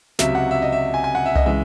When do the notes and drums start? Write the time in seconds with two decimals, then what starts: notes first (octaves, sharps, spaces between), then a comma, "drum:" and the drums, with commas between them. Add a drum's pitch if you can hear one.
0.19 C#2 C3 F#3 E5, drum: snare
0.35 F#5
0.51 E5
0.62 D#5
0.73 E5
0.94 G#5
1.04 G#5
1.15 F#5
1.26 E5
1.36 D#5, drum: tom C2
1.46 C#3 E3 G#3 E5